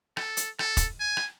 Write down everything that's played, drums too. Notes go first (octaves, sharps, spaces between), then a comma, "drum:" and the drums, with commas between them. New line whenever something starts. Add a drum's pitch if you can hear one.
A4, drum: rim click
drum: hi-hat
A4, drum: rim click
drum: kick, hi-hat
G#5
drum: rim click